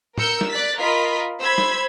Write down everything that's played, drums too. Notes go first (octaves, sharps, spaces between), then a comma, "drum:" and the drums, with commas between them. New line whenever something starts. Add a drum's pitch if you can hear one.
A#4 E6 G6 C#7, drum: tom
drum: snare
D5 F#6 A6 B6
F4 A#4 D#5 B5 B6
C5 B5 E6 G#6
drum: snare